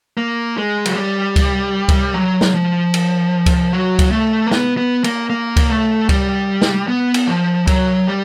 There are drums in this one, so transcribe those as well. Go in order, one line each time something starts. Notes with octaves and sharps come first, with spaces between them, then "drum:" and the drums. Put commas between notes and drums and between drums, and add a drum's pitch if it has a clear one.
A#3
G#3
F#3, drum: cymbal
G3
drum: kick C#2, cymbal
drum: kick C#2, cymbal
F#3
drum: snare
F3
drum: cymbal
drum: kick C#2, cymbal
F#3
drum: kick C#2, cymbal
A3
A#3
B3, drum: snare
B3
A#3, drum: cymbal
A#3
drum: kick C#2, cymbal
A3
G3, drum: kick C#2, cymbal
drum: snare
B3
drum: cymbal
F3
F#3, drum: kick C#2, cymbal
G3